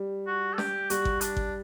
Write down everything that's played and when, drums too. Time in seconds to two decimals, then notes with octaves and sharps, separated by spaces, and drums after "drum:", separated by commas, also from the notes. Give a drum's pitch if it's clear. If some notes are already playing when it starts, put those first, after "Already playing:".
Already playing: G3
0.27 F#4
0.53 A4
0.58 G4, drum: snare
0.90 G3 F#4, drum: hi-hat
1.05 drum: kick G#1
1.21 D4, drum: hi-hat
1.37 drum: kick G#1